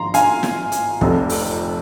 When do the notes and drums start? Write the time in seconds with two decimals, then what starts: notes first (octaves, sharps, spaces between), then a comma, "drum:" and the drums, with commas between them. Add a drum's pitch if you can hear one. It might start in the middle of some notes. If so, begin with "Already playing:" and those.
Already playing: G#1 F3 A#5 C6
0.14 F5 G#5, drum: hi-hat
0.43 drum: snare
0.72 drum: hi-hat
1.01 F1 F2 C3, drum: kick
1.29 drum: open hi-hat